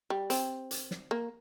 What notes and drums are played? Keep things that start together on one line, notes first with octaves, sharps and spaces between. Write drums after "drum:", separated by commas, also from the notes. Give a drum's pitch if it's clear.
G3
C4, drum: hi-hat
drum: hi-hat
drum: snare
A#3